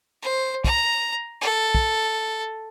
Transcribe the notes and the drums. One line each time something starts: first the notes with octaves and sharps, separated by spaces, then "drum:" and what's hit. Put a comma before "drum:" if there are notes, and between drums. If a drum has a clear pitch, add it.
C5
A#5, drum: kick
A4
drum: kick